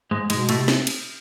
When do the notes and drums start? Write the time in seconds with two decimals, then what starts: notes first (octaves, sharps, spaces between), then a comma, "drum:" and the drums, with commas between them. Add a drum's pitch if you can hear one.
0.11 G#2 G#3
0.30 G#2 B2 G#3, drum: cymbal
0.49 A2 A3, drum: cymbal
0.56 C3
0.68 drum: snare
0.87 drum: cymbal